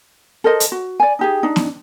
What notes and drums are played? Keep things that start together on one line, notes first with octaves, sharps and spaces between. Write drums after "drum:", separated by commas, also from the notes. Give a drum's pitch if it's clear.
A4 A#4 C5 D#5
drum: hi-hat
F#4
D5 G#5
D#4 G4 G#4
D4 D#4
drum: snare B3